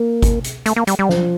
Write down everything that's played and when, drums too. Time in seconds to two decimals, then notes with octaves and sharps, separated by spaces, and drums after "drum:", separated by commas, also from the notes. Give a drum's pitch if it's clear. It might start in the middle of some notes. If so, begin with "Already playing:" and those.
Already playing: A#3
0.22 drum: kick G#1, hi-hat
0.44 drum: hi-hat
0.66 A3, drum: hi-hat
0.76 A#3
0.87 G3, drum: hi-hat
0.99 G3
1.09 F3, drum: snare